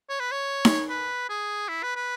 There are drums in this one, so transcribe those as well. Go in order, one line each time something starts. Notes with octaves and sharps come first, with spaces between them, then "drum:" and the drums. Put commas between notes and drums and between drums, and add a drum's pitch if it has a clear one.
C#5
B4
C#5
drum: snare D#4
B4
G#4
E4
B4
B4